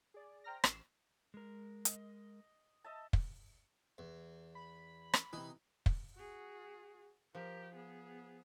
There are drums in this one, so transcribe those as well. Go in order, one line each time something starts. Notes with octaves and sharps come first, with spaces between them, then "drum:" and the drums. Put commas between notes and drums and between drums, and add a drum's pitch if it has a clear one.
G#4 D5
C5 G5 A#5 F6 A#6
A1 C7 E7, drum: rim click
G#3 A#4
D#5, drum: hi-hat
D#5 E5 A5
drum: kick
E2
B5
drum: rim click
C3 E3 D#4
drum: kick
F#4 G#4
F3 G4 A#4
B3 G#4